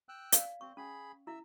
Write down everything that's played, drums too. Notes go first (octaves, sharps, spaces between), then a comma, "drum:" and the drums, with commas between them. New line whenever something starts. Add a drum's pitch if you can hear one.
G5 E6 F#6
D5 F5, drum: hi-hat
C4 C#6
C#4 G#4 B5
E4 E5 E6